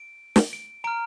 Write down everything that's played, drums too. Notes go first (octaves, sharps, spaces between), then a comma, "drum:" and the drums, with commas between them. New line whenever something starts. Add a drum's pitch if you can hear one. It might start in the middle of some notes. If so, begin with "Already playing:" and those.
Already playing: D7
drum: snare
D7
A#5 F6 D7